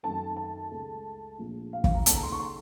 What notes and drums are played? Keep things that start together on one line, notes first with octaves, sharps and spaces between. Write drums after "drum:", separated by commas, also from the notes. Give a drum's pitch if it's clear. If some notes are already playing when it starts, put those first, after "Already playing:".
F#2 D#3 A3 D#4 A5
A5
C#2 C#3 A3
A#1 A2 F3
F5
F5, drum: kick
A#5
D#2 C#3 A3 D#4 A5, drum: hi-hat
A#5
C6
C#6
C6